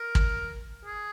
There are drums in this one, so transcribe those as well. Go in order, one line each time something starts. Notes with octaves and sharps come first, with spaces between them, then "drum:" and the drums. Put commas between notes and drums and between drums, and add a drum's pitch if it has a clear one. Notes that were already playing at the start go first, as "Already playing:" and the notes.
Already playing: A#4
drum: kick
G#4